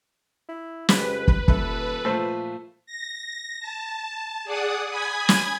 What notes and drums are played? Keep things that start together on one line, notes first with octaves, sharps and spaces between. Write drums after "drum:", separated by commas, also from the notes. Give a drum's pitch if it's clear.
E4
F2 C#3 G#3 G4 B4, drum: snare
drum: kick
D#1 A#2 A4 E5, drum: kick
A#2 F3 A3 F4 C5
A#6
A5
G#4 D5 F#5 D#6
G#5 B5 D#6 G#6
drum: snare